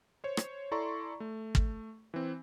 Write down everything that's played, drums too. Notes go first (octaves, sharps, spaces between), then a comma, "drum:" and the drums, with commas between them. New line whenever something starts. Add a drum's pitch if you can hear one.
C5 C#5
drum: rim click
E4 A4 D5 A#5 C6 C#6
A3
drum: kick
E3 C4